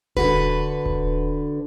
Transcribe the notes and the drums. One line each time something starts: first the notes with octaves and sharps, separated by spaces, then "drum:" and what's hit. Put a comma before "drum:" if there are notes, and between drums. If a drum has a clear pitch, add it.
D3 F#4 B4, drum: kick D#1
drum: kick D#1